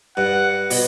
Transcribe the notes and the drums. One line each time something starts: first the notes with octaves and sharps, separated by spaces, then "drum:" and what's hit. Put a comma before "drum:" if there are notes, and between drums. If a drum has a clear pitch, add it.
G2 F#5
B2, drum: open hi-hat